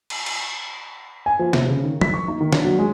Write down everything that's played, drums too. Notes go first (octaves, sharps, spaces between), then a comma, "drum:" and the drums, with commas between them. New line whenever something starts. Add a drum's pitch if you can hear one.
drum: cymbal
drum: cymbal
G#5
F3
C3, drum: snare
C#3
D#3
B6, drum: tom
C#6
D#4
D#3
D4, drum: snare
F#3
G#3